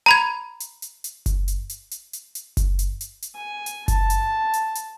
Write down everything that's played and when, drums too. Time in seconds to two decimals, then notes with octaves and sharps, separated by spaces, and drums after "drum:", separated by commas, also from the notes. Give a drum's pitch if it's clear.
0.06 A#5 B5 G#6
0.60 drum: hi-hat
0.82 drum: hi-hat
1.04 drum: hi-hat
1.26 drum: kick F#1, hi-hat
1.48 drum: hi-hat
1.70 drum: hi-hat
1.91 drum: hi-hat
2.13 drum: hi-hat
2.35 drum: hi-hat
2.57 drum: kick F#1, hi-hat
2.79 drum: hi-hat
3.01 drum: hi-hat
3.22 drum: hi-hat
3.36 G#5
3.66 drum: hi-hat
3.88 A5, drum: kick F#1, hi-hat
4.10 drum: hi-hat
4.53 drum: hi-hat
4.75 drum: hi-hat